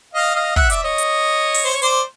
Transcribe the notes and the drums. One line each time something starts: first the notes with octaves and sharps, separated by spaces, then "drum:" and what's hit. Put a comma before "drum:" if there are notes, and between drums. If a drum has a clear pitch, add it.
D#5 F5
D#5 F5
E5 F#5, drum: kick
D5 E5, drum: hi-hat
C#5 D#5
drum: hi-hat
drum: open hi-hat
C5
C#5
C5 D5, drum: hi-hat